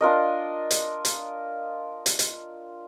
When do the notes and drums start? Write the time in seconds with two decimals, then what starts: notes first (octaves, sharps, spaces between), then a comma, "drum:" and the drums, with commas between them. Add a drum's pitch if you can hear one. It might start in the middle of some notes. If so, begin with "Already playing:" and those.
0.01 D4 F4 A#4 D#5
0.71 drum: hi-hat
1.05 drum: hi-hat
2.06 drum: hi-hat
2.19 drum: hi-hat